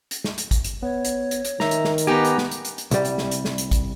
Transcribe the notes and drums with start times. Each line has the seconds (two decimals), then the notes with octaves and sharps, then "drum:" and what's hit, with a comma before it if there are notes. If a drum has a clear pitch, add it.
0.11 drum: hi-hat
0.24 drum: snare
0.38 drum: hi-hat
0.51 drum: kick G#1, hi-hat
0.64 drum: hi-hat
0.83 B3 C#5
1.04 drum: hi-hat
1.31 drum: hi-hat
1.45 drum: hi-hat
1.60 D#3 E5 A#5, drum: snare
1.71 drum: hi-hat
1.85 drum: snare
1.98 drum: hi-hat
2.07 B3 D#4 G4 G#5 A#5
2.25 drum: hi-hat
2.38 drum: snare
2.51 drum: hi-hat
2.65 drum: hi-hat
2.78 drum: hi-hat
2.91 C2 G3, drum: hi-hat
3.05 drum: hi-hat
3.18 drum: snare
3.31 drum: hi-hat
3.45 drum: snare
3.58 drum: hi-hat
3.71 drum: kick G#1, hi-hat